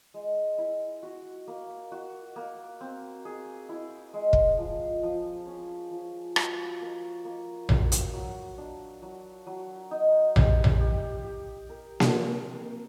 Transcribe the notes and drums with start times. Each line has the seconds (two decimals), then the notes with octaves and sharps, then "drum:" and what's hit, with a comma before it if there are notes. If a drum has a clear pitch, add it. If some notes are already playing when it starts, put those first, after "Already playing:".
0.14 G#3
0.58 E4
1.03 F#4
1.47 A#3
1.92 F#4
2.36 A#3
2.81 C4
3.25 G#4
3.69 E4
4.14 G#3
4.33 drum: kick
4.58 F3
5.03 F3
5.47 C#4
5.91 F3
6.36 F#4, drum: rim click
6.81 A#3
7.25 A#3
7.69 F#4, drum: tom A#1
7.92 drum: hi-hat
8.13 F#3
8.58 D4
9.02 F#3
9.47 F#3
9.91 D#4
10.36 G4, drum: tom A#1
10.64 drum: tom A#1
10.81 G4
11.24 G4
11.69 A#4
12.00 drum: snare A#3
12.13 C4
12.57 A#4